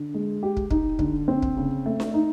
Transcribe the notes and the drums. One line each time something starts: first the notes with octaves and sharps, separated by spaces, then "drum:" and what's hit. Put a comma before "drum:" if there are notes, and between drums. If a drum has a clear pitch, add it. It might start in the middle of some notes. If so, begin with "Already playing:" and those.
Already playing: D3
G#3
G4
drum: kick
D#4, drum: kick
D3, drum: kick
C4
drum: kick
C#3
A3
drum: snare D4
D#4